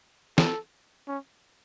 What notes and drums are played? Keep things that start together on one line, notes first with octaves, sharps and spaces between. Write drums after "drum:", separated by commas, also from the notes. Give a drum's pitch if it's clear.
A4, drum: snare
C#4